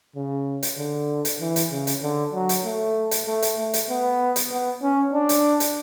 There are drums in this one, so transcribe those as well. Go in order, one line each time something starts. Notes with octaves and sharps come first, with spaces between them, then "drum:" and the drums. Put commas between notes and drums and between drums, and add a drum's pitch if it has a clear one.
C#3
drum: hi-hat
D3
drum: hi-hat
E3
drum: hi-hat
C#3
drum: hi-hat
D3
F#3
drum: hi-hat
A3
drum: hi-hat
A3
drum: hi-hat
A3
drum: hi-hat
B3
drum: hi-hat
B3
C#4
D4
drum: hi-hat
drum: hi-hat